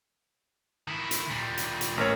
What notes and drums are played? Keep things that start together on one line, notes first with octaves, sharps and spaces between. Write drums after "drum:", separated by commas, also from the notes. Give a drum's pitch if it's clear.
D#3 E4
drum: hi-hat
A#2 G3
drum: hi-hat
drum: hi-hat
A1 A#4 C#5